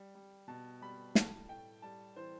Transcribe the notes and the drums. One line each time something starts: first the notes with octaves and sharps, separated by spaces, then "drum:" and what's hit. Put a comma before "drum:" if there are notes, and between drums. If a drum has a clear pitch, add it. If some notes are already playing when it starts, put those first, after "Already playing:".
Already playing: G3
G3
B2 A5
G3 B5
A2 A5, drum: snare
A2 G5
G3 A5
E3 C5